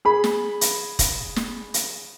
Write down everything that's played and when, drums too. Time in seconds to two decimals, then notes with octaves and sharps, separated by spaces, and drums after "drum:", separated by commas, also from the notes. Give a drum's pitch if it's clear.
0.05 G#4 B5
0.24 drum: snare
0.61 drum: hi-hat
0.99 drum: kick E1, hi-hat
1.36 drum: snare
1.74 drum: hi-hat